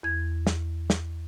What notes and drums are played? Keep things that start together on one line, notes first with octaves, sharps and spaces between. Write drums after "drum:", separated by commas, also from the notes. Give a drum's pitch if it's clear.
E2 G#6
drum: snare
drum: snare